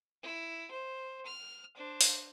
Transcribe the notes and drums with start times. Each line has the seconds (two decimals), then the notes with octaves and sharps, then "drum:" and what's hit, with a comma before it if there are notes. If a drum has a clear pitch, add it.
0.23 E4
0.71 C5
1.25 F6
1.76 D4 C5
2.01 drum: open hi-hat